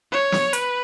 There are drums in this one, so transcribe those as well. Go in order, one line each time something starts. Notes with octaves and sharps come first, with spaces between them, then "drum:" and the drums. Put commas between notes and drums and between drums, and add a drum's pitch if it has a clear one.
C#5
drum: snare
B4, drum: hi-hat